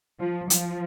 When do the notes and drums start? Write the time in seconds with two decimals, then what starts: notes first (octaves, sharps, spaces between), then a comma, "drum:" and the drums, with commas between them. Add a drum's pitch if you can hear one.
0.20 F3
0.50 F3, drum: hi-hat